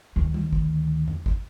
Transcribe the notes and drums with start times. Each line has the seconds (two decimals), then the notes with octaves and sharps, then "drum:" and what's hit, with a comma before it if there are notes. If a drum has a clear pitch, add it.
0.16 D2 D#3
0.34 drum: tom G3
0.53 drum: kick
1.08 drum: tom E2
1.26 drum: kick